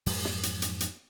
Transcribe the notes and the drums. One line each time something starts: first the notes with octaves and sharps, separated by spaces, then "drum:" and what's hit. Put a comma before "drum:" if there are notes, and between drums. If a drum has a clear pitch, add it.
F2 G#2 F#3, drum: open hi-hat
drum: snare
drum: hi-hat
drum: hi-hat
drum: hi-hat